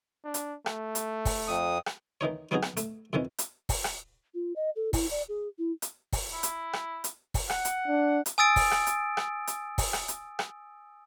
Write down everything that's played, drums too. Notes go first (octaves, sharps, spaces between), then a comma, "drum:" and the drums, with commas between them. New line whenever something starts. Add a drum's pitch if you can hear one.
D4
drum: hi-hat
A3, drum: rim click
drum: hi-hat
drum: kick, open hi-hat
F2 D#6
drum: rim click
D#3 E3 D#4 C#5
F#3 B3 C#4 D#4 F#4 G#4
drum: rim click
A3, drum: hi-hat
F2 D#3 E3 C#4
drum: hi-hat
drum: kick, open hi-hat
drum: rim click
F4
D#5
A4
E4, drum: kick, open hi-hat
D5
G#4
E4
drum: hi-hat
drum: kick, open hi-hat
E4
drum: hi-hat
drum: rim click
drum: hi-hat
drum: kick, open hi-hat
F#5, drum: rim click
drum: hi-hat
D4
drum: hi-hat
G#5 D#6 E6 A6 D7
drum: kick, open hi-hat
drum: rim click
drum: hi-hat
drum: rim click
drum: hi-hat
drum: kick, open hi-hat
drum: rim click
drum: hi-hat
drum: rim click